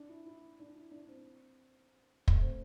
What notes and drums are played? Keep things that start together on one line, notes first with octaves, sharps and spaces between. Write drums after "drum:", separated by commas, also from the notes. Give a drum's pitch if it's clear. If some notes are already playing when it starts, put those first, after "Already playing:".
Already playing: D4
E4
E4
D4
E4
D4
C4
A3, drum: kick
C4